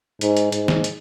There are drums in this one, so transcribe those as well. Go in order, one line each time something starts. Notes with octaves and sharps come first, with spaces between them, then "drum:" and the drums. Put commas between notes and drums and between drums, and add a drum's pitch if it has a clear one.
G#2, drum: hi-hat
drum: hi-hat
G#2, drum: hi-hat
drum: snare
drum: hi-hat